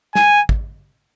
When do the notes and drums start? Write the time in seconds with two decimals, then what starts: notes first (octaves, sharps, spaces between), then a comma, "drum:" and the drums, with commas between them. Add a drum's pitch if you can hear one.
0.15 G#5, drum: snare
0.49 drum: kick